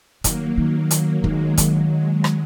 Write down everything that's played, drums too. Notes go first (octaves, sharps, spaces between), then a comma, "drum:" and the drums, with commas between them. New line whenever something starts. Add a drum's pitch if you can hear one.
D#3 F#3 A#3, drum: kick, hi-hat
D#3 F#3 A#3
F#3 A#3, drum: hi-hat
D#3 G#3, drum: kick
F#3, drum: kick, hi-hat
G#3
drum: rim click